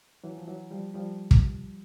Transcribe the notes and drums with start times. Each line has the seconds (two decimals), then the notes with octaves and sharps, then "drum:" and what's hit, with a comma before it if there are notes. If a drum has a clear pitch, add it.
0.24 E3 F#3
0.38 F3
0.47 E3 F#3
0.71 F3 G3
0.94 F3 G3
1.31 drum: kick